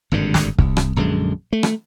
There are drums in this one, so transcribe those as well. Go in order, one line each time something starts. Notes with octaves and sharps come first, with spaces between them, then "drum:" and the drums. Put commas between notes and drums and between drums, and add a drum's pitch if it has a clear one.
G#1 G2 A#2 D3
drum: snare
C2, drum: kick
drum: rim click
A#1 F#2 D3 G#3
A3
drum: rim click